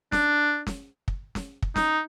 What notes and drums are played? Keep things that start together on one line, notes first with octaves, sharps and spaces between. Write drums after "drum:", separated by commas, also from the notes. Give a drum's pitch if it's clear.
D4, drum: snare
drum: snare
drum: kick
drum: snare
drum: kick
D#4, drum: snare